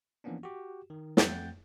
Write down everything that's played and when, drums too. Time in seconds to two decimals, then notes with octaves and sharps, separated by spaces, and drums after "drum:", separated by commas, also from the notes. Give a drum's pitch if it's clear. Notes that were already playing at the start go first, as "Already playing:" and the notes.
0.24 E3 F3 A#3 B3 C#4 D4
0.43 F#4 G4
0.90 D#3
1.17 F2 A3 F#5 G5 G6 A6, drum: snare